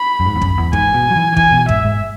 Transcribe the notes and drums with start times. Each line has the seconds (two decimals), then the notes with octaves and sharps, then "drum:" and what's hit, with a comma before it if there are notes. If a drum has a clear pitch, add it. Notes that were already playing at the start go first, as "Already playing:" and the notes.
Already playing: B5
0.20 F#2
0.26 G#2
0.36 E2
0.42 F#2, drum: kick
0.58 E2
0.73 G#2 G#5, drum: kick
0.94 B2
1.11 F#3
1.16 E3
1.37 E3 G#5, drum: kick
1.52 B2
1.69 G#2 E5, drum: kick
1.85 G#2